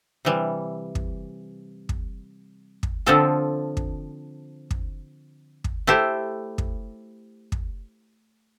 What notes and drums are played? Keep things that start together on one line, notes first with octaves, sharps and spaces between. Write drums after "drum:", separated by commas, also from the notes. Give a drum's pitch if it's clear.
C3 E3 G3
drum: kick
drum: kick
drum: kick
D3 F3 C4 F4 A4
drum: kick
drum: kick
drum: kick
A3 E4 G4 C5
drum: kick
drum: kick